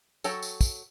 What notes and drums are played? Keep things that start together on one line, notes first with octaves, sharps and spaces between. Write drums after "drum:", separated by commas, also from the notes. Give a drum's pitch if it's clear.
F#3 A4 C#5 G5 A#5, drum: tambourine
drum: tambourine
drum: kick, tambourine